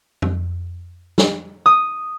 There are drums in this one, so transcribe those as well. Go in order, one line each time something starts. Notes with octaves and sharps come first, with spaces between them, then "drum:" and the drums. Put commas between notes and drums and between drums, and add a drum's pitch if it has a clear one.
drum: tom F2
drum: snare
D#6